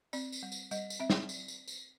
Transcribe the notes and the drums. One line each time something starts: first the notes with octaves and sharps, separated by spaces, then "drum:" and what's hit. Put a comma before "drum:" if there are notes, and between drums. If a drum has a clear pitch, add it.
C4 D5, drum: tambourine
drum: tambourine
G3
drum: tambourine
G3 D#5, drum: tambourine
drum: tambourine
C4 E5
drum: snare
drum: tambourine
drum: tambourine
drum: tambourine